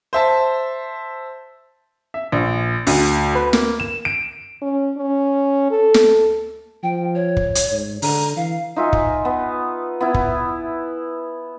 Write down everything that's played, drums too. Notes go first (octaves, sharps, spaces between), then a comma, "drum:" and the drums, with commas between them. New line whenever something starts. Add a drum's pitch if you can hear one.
C5 E5 A5
E5
A#1
D2, drum: open hi-hat
B4
A#3, drum: snare
E7
D7
C#4
C#4
A4
drum: snare
F3 G5
C#5
drum: kick
drum: hi-hat
G#2
D3 A#5, drum: open hi-hat
E3 F5
D#4 F4 E5 G#5
drum: kick
B3
B3 E4
drum: kick